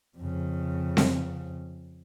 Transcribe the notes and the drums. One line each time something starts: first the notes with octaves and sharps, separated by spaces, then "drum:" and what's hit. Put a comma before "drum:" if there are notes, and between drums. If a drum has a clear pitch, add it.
F2 C#3
drum: snare C4